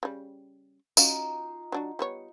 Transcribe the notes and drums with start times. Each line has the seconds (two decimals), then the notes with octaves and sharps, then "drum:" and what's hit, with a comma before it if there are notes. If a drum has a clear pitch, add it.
0.03 C#3 G3
0.97 C#4 D#4 F4 F#4 F5, drum: tambourine
1.72 F#3 D4 F#4
1.99 G3 B3 C#5